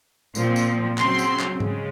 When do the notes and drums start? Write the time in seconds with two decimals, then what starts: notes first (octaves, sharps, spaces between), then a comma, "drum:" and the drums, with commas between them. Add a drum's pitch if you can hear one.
0.35 A#2 F3 C4, drum: tambourine
0.56 drum: tambourine
0.98 C#3 F#3 C4 C6, drum: clap
1.19 drum: tambourine
1.40 drum: clap
1.60 C#3 G#3, drum: tom G#2